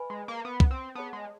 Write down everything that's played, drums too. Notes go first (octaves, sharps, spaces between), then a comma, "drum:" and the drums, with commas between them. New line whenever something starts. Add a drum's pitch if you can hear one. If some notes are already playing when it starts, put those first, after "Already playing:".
Already playing: B4 D#5 G#5 B5
G#3
A#3
B3
drum: kick C2
C4
B3 G#4 C#5 F#5 A5
G#3